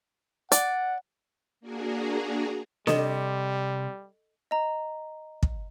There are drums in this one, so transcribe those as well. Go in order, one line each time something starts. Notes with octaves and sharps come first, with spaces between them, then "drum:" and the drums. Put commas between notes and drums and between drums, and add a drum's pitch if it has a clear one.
D5 F#5, drum: hi-hat
A#3 D4 F#4 G#4 A#4
C3 G3 A4 D#5, drum: snare
D#5 A#5
drum: kick